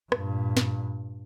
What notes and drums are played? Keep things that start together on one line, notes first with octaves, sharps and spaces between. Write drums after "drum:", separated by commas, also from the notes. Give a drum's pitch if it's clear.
G2 A#2, drum: rim click
drum: snare